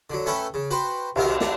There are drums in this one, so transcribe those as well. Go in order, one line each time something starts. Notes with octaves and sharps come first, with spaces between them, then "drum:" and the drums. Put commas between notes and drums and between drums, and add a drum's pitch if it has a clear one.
D3 F#3
A3 C#4 A4 B4 G5
C#3
F#4 B4 C5 G5
C2 C3 D#3 C4 D#4 A#4, drum: cymbal
D4, drum: snare